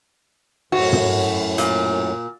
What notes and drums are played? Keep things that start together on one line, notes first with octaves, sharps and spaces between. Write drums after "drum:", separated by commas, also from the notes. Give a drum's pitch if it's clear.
F#2 A2 F#4, drum: cymbal
drum: tom
A#2, drum: hi-hat